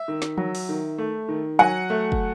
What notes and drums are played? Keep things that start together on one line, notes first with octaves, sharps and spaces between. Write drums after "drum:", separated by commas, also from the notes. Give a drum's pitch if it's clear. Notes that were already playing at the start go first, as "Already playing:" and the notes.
Already playing: E5
D#3
drum: snare
F#3, drum: tom E3
drum: open hi-hat
D#3
A3
D#3
F#3 F#5 G#5
A3
drum: kick